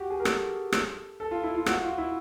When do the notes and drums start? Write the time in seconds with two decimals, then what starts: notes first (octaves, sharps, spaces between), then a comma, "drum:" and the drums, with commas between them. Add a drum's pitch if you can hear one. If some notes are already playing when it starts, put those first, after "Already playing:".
Already playing: F#4 G4
0.10 G#4
0.20 A#4
0.25 A4, drum: rim click
0.72 drum: rim click
1.20 A4
1.31 F4
1.44 E4
1.54 F4
1.66 F#4, drum: rim click
1.82 F4
1.98 E4